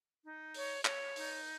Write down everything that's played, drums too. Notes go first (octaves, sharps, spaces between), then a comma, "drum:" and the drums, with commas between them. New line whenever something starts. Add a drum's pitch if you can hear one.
D#4
C#5, drum: open hi-hat
C#5, drum: clap
D#4, drum: open hi-hat